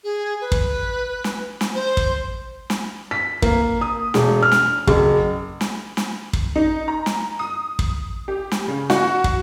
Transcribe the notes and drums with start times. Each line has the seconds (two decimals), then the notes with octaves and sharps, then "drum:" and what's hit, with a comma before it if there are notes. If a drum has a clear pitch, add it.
0.04 G#4
0.41 B4
0.52 drum: kick
1.24 drum: snare
1.61 drum: snare
1.74 C5
1.97 drum: kick
2.70 drum: snare
3.11 B6
3.42 A#3, drum: kick
3.81 D#6
4.14 E1, drum: snare
4.43 F6
4.52 drum: snare
4.87 F#1, drum: kick
5.61 drum: snare
5.97 drum: snare
6.33 drum: kick
6.56 D#4
6.88 A#5
7.06 drum: snare
7.39 D#6
7.79 drum: kick
8.28 G4
8.52 drum: snare
8.68 C#3
8.90 F#4, drum: snare
9.24 drum: kick